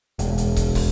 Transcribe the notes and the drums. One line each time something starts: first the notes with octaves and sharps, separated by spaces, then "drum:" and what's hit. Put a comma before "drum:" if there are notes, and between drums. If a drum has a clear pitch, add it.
E1, drum: hi-hat
drum: hi-hat
drum: kick, hi-hat
drum: kick, open hi-hat